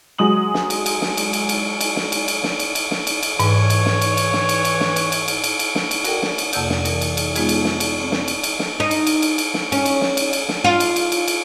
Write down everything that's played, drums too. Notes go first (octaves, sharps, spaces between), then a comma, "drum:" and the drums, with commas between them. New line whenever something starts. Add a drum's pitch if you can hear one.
F#3 G#3 D#6 F#7
drum: snare
drum: cymbal
drum: cymbal
drum: snare
drum: cymbal
drum: cymbal
drum: cymbal
drum: cymbal
drum: snare
drum: cymbal
drum: cymbal
drum: snare
drum: cymbal
drum: cymbal
drum: snare
drum: cymbal
drum: cymbal
G#2 E3 C#5, drum: cymbal
drum: cymbal
drum: snare
drum: cymbal
drum: cymbal
drum: snare
drum: cymbal
drum: cymbal
drum: snare
drum: cymbal
drum: cymbal
drum: cymbal
drum: cymbal
drum: cymbal
drum: snare
drum: cymbal
F#4 A4 A#4 D5 F#5 G5, drum: cymbal
drum: snare
drum: cymbal
F2 C3 A#3 F#5 E6 G6, drum: cymbal
drum: snare
E3 A#4, drum: cymbal
drum: cymbal
drum: cymbal
G#3 B3 D#4 F4 G#4, drum: cymbal
drum: cymbal
drum: snare
drum: cymbal
C4
drum: snare
drum: cymbal
drum: cymbal
drum: snare
D#4
drum: cymbal
drum: cymbal
drum: cymbal
drum: cymbal
drum: snare
C#4, drum: cymbal
drum: cymbal
drum: snare
drum: cymbal
drum: cymbal
drum: snare
F4
drum: cymbal
drum: cymbal
drum: cymbal
drum: cymbal